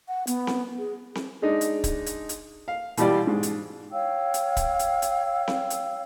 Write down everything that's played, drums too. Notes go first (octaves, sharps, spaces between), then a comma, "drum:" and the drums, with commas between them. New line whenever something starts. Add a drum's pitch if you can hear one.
F#5
B3, drum: hi-hat
drum: snare C4
G#4
drum: snare C4
G#3 D4 D#4
drum: hi-hat
drum: kick C#1, hi-hat
drum: hi-hat
drum: hi-hat
F5
B2 E3 G3 F4 G4 D5, drum: hi-hat
G#2
drum: hi-hat
C#5 F5 G5 E6
drum: hi-hat
drum: kick C#1, hi-hat
drum: hi-hat
drum: hi-hat
drum: snare C4
drum: hi-hat